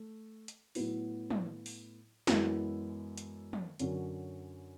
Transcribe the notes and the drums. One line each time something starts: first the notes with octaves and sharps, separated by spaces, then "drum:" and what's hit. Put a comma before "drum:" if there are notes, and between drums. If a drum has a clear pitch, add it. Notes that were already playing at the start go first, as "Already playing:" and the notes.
Already playing: A3
drum: hi-hat
A2 F#3 B3 E4, drum: open hi-hat
drum: tom
drum: open hi-hat
F#2 E3 G#3 B3 E4, drum: snare
drum: hi-hat
drum: tom
F#2 D3 F#3 C#4, drum: hi-hat